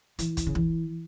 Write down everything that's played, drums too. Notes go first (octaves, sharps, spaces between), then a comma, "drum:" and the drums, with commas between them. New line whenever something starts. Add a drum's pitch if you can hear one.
E3, drum: hi-hat
drum: kick, hi-hat
C#3
E3, drum: kick